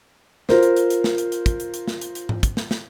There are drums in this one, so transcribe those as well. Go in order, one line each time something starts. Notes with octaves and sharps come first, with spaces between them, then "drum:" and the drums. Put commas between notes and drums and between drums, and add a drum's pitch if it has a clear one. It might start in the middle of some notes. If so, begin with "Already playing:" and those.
F4 A#4 C5, drum: snare
drum: hi-hat
drum: hi-hat
drum: hi-hat
drum: snare
drum: hi-hat
drum: hi-hat
drum: kick, hi-hat
drum: hi-hat
drum: hi-hat
drum: snare
drum: hi-hat
drum: hi-hat
drum: tom G#2
drum: kick, hi-hat
drum: snare
drum: snare